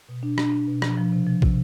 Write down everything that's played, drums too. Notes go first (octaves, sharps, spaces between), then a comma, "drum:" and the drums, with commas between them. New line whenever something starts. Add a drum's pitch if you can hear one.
B2
D4
D4, drum: rim click
D4
B2
F3, drum: rim click
F3
C3
F3
C3, drum: kick